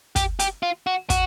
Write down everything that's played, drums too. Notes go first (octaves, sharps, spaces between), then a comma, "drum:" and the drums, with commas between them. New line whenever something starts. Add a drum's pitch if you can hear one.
G4, drum: kick, hi-hat
G4, drum: hi-hat
F4
F#4
F#4, drum: kick, hi-hat